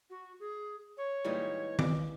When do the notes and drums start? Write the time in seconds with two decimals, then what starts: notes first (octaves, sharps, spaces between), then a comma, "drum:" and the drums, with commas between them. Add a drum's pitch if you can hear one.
0.10 F#4
0.39 G#4
0.97 C#5
1.25 A#2 E3 G3 G#3 D#4
1.79 D6, drum: tom D#3